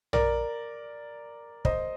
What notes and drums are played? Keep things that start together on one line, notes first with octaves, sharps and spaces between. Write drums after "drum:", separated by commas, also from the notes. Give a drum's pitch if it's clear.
A#4 D5, drum: tom
C5 D#5, drum: kick